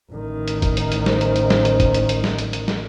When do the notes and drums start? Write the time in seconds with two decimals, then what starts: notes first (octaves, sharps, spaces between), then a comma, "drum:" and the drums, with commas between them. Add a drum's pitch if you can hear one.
0.12 A1 D#3
0.48 drum: hi-hat
0.62 drum: kick, hi-hat
0.77 drum: hi-hat
0.92 drum: hi-hat
1.06 C5, drum: snare
1.21 drum: hi-hat
1.36 drum: hi-hat
1.50 drum: snare
1.65 drum: hi-hat
1.80 drum: kick, hi-hat
1.94 drum: hi-hat
2.09 drum: hi-hat
2.24 drum: snare
2.39 drum: hi-hat
2.53 drum: hi-hat
2.68 drum: snare